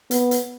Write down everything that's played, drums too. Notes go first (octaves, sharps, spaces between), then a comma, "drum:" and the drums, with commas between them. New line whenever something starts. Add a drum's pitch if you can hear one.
B3, drum: hi-hat
drum: hi-hat